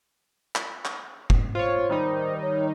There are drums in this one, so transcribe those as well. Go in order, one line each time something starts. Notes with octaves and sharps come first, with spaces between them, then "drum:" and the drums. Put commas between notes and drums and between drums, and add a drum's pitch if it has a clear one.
drum: clap
drum: clap
drum: kick
F4 C5 C#5
D#3 G3 D#4
C#5